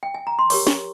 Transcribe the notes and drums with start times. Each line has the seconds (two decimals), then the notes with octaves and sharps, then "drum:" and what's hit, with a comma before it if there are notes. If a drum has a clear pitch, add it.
0.03 G5
0.14 G#5
0.27 A#5
0.39 C6
0.50 G4 A#4 C#5 C#6, drum: open hi-hat
0.67 C#6, drum: snare